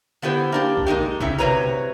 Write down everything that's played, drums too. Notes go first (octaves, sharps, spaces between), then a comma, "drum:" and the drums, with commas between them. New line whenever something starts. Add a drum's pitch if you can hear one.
D3 B3 E4 G4 C5
A#3 D4 G4
drum: kick A#1
G#3 A#3 D#4 G4
drum: tom B2
C#3 C#4 E4, drum: kick A#1
C3 F#4 B4 C#5 A#5
drum: tom B2